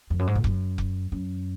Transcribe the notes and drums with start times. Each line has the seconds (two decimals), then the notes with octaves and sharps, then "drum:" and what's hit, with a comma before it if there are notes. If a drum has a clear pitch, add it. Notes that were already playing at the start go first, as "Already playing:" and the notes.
0.10 F2
0.19 F#2
0.27 G#2
0.35 A#2
0.44 F#2, drum: kick F1
0.78 drum: kick F1
1.12 F#2